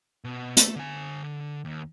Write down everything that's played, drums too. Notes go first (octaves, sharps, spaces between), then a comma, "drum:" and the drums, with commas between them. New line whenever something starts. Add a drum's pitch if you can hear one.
B2
A3, drum: hi-hat
D3 G#5
D3
D#2